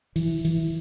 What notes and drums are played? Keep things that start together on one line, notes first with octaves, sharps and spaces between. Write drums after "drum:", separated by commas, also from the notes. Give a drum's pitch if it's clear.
E3, drum: open hi-hat
E3, drum: open hi-hat